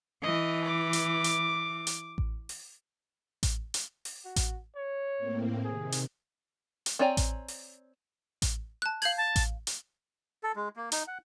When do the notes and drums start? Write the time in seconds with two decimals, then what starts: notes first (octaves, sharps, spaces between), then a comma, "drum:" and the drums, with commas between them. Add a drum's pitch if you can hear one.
0.23 E3 D#5
0.66 D6
0.93 drum: hi-hat
1.24 drum: hi-hat
1.87 drum: hi-hat
2.18 drum: kick A1
2.49 drum: open hi-hat
3.43 drum: kick A1, hi-hat
3.74 drum: hi-hat
4.05 drum: open hi-hat
4.25 F#4
4.36 drum: kick A1, hi-hat
4.75 C#5
5.18 A2 A#3 C4
5.64 C3 D#3 G#4
5.92 drum: hi-hat
6.86 drum: hi-hat
6.99 C4 C#5 D5 G#5 A#5
7.17 drum: kick A1, hi-hat
7.48 drum: open hi-hat
8.42 drum: kick A1, hi-hat
8.82 A5 F#6
9.02 F5 G6 G#6 F#7, drum: open hi-hat
9.18 A5
9.36 drum: kick A1, hi-hat
9.67 drum: hi-hat
10.43 A4
10.56 G#3
10.76 A#3
10.92 D#4, drum: hi-hat
11.07 F#5